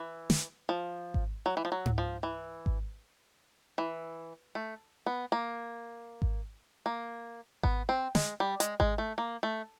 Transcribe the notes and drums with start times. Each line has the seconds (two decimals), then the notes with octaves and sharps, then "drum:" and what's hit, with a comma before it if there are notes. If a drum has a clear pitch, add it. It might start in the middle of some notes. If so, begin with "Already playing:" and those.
Already playing: E3
0.30 drum: snare
0.69 F3
1.14 drum: kick G#1
1.46 F#3
1.57 E3
1.65 F3
1.72 F#3
1.86 drum: tom G#2
1.98 F3
2.23 E3
2.66 drum: kick G#1
3.78 E3
4.55 A3
5.06 B3
5.32 A#3
6.22 drum: kick G#1
6.86 A#3
7.63 B3, drum: kick G#1
7.89 C4
8.15 G#3, drum: snare
8.40 G3
8.60 G#3, drum: hi-hat
8.80 G#3, drum: kick G#1
8.98 A3
9.18 A#3
9.43 A3